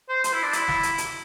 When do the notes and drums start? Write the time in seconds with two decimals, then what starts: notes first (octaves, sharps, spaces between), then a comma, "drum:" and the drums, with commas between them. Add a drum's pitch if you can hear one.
0.09 C5
0.24 C5, drum: hi-hat
0.33 E4
0.43 D4
0.53 E4, drum: hi-hat
0.68 drum: snare
0.83 drum: hi-hat
0.98 drum: hi-hat